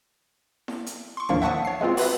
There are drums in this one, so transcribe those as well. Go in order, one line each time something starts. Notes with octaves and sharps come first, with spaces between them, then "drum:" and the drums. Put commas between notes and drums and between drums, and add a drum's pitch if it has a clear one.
drum: snare E4
drum: hi-hat
C6 C#6
D#2 A2 F3 A#3 D4 C#6
E5 F#5 A5 C#6 D#6
C#5 C7
G#3 B3 C4 F4
F#4 B4 E5, drum: open hi-hat